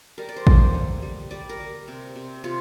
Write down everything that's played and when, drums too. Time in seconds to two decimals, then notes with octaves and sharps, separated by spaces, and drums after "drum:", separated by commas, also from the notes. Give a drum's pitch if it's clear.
0.18 G3 A#4
0.29 D5
0.36 C5
0.47 A#3, drum: kick A1
0.74 D3
1.02 G3
1.31 G3 D5
1.49 A#4
1.60 G3
1.88 C3
2.16 C3
2.44 C3 F4